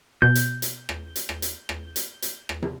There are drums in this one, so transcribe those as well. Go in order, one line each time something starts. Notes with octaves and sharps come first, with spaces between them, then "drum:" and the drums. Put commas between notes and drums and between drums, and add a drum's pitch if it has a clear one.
B2 G6
drum: hi-hat
drum: hi-hat
drum: rim click
drum: hi-hat
drum: rim click
drum: hi-hat
drum: rim click
drum: hi-hat
drum: hi-hat
drum: rim click
drum: tom